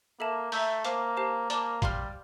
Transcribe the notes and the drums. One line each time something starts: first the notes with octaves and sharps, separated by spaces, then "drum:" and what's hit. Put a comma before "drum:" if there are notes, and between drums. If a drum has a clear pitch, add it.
A#3 A4 E5 A5
A3 E5 A#5 E6 G6, drum: open hi-hat
A#3 C5 F5 A5 D6 F6, drum: hi-hat
G4 C5 F5 A5
A#3 D5 A5 D6, drum: hi-hat
G3 F5 C6 F6, drum: kick, hi-hat